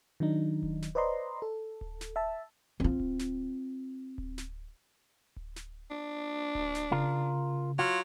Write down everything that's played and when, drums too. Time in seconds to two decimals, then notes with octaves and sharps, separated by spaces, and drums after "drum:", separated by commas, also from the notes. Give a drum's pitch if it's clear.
0.20 D#3 F#3 D4 D#4
0.63 drum: kick D1
0.82 drum: snare
0.95 B4 C5 D5 D#5 A#5 C6
1.42 A4
1.81 drum: kick D1
2.01 drum: snare
2.16 E5 A5
2.80 C4 F4
3.00 drum: kick D1
3.19 drum: snare
4.18 drum: kick D1
4.38 drum: snare
5.36 drum: kick D1
5.56 drum: snare
5.91 D4
6.55 drum: kick D1
6.75 drum: snare
6.92 C#3 F4 A#4
7.79 F#3 F4